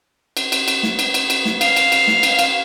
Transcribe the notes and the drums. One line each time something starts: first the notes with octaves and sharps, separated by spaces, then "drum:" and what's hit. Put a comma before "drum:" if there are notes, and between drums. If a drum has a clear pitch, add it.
drum: cymbal
drum: cymbal
drum: cymbal
drum: snare
drum: cymbal
drum: cymbal
drum: cymbal
drum: snare
F5, drum: cymbal
drum: cymbal
drum: cymbal
drum: snare
drum: cymbal
drum: cymbal